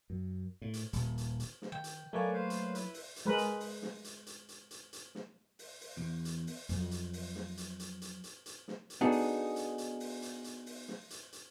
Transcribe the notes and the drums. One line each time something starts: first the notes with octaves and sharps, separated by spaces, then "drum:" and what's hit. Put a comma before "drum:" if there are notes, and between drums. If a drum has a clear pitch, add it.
F#2
A2
drum: hi-hat
D#1, drum: hi-hat
drum: hi-hat
drum: hi-hat
drum: snare
D#3 G5
drum: hi-hat
F#3 A3 A#3 B4 C#5 D5 G#5
B4 C5 F5
drum: hi-hat
E4 B4, drum: hi-hat
drum: open hi-hat
drum: hi-hat
G#3 A#4 B4
drum: hi-hat
drum: open hi-hat
drum: snare
drum: hi-hat
drum: hi-hat
drum: hi-hat
drum: hi-hat
drum: hi-hat
drum: snare
drum: open hi-hat
drum: open hi-hat
E2
drum: hi-hat
drum: open hi-hat
F2 F#3, drum: hi-hat
drum: hi-hat
drum: open hi-hat
drum: snare
drum: hi-hat
drum: hi-hat
drum: hi-hat
drum: hi-hat
drum: hi-hat
drum: snare
drum: hi-hat
B3 D4 D#4 F#4 G#4 A4
drum: open hi-hat
drum: hi-hat
drum: hi-hat
drum: open hi-hat
drum: hi-hat
drum: hi-hat
drum: open hi-hat
drum: snare
drum: hi-hat
drum: hi-hat